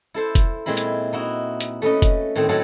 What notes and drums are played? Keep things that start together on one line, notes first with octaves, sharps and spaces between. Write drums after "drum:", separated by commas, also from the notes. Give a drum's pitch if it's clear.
E4 A4 C5
drum: kick F1, hi-hat
A#2 G#3 C4 E4 B5
drum: hi-hat
D#4 E4 F#4
drum: hi-hat
A3 C#4 B4 D#5
drum: kick F1, hi-hat
A2 D#3 C4
A2 F#3 A3 C4 A4 F#5